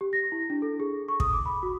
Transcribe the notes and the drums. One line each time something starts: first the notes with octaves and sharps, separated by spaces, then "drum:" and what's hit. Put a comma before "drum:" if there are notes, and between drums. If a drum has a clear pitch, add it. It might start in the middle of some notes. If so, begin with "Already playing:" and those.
G4
A#6
E4
D4
A4
G#4
C#6
D#6, drum: kick
D6
B5
F#4